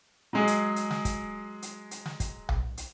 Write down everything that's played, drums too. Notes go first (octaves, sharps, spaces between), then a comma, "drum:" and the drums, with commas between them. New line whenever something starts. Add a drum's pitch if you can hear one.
F#3 G#3 G#4
drum: hi-hat
drum: hi-hat
drum: snare
drum: kick, hi-hat
drum: hi-hat
drum: hi-hat
drum: snare
drum: kick, hi-hat
drum: tom B1
drum: hi-hat